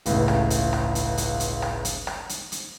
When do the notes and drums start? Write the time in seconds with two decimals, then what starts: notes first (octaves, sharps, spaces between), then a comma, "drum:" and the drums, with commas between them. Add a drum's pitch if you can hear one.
0.06 G1 C#2 A2, drum: hi-hat
0.28 drum: rim click
0.50 drum: hi-hat
0.73 drum: rim click
0.95 drum: hi-hat
1.18 drum: hi-hat
1.40 drum: hi-hat
1.62 drum: rim click
1.85 drum: hi-hat
2.07 drum: rim click
2.29 drum: hi-hat
2.52 drum: hi-hat